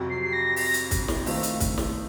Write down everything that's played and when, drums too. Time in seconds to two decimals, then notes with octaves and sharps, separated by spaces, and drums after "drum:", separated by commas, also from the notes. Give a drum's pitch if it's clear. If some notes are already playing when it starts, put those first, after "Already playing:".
Already playing: F2 C3 F#3
0.10 C7
0.23 C7
0.33 A#6
0.56 drum: open hi-hat
0.74 drum: hi-hat
0.91 drum: kick, hi-hat
1.08 drum: snare
1.26 D#3 A3 C4 F4, drum: open hi-hat
1.43 drum: hi-hat
1.60 drum: kick, hi-hat
1.78 drum: snare